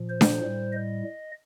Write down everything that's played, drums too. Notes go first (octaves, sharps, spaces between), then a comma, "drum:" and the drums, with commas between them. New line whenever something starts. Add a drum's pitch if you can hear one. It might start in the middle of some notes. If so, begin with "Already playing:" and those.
Already playing: A#2 F3
C5
drum: snare D4
A2 G3
D#5